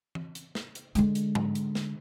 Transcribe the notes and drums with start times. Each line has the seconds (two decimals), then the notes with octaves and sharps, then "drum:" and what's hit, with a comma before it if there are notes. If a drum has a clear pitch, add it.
0.15 drum: tom E3
0.35 drum: hi-hat
0.55 drum: snare
0.75 drum: hi-hat
0.95 D3 G#3, drum: hi-hat
1.15 drum: hi-hat
1.35 drum: tom G#2
1.55 drum: hi-hat
1.75 drum: snare